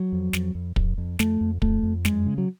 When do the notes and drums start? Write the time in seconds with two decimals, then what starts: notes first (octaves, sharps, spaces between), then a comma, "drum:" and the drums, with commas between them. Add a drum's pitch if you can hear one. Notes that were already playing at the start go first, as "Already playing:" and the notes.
Already playing: F#3
0.12 F2
0.33 F2, drum: snare
0.55 F2
0.76 F2, drum: kick
0.98 F2
1.19 F2 A3, drum: snare
1.41 F2
1.62 F2 A3, drum: kick
1.83 F2
2.05 F#2 G#3, drum: snare
2.26 C#3
2.38 F#3